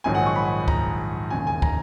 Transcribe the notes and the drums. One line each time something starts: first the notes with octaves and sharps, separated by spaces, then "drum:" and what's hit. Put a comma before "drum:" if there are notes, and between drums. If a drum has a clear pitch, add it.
A#1 G#2 D#3 F#3 G#5
F#5
C#6
B5
A#5, drum: kick
E1 D#2 C#3 G#5
G#5
A#5, drum: kick